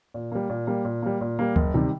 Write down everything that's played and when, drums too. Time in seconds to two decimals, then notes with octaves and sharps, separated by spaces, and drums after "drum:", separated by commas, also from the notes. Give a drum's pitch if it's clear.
0.14 A#2
0.32 G3 A#3
0.49 A#2
0.67 G3 A#3
0.85 A#2
1.02 G3 A#3
1.21 A#2
1.39 G3 A#3
1.56 F#1, drum: tom D2
1.74 C3 D#3 G3